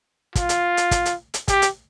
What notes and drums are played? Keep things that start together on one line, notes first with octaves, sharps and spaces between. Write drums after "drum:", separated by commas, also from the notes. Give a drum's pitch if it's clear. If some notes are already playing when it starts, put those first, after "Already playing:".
F4, drum: kick, hi-hat
drum: hi-hat
drum: hi-hat
drum: kick, hi-hat
drum: hi-hat
drum: hi-hat
G4, drum: kick, hi-hat
drum: hi-hat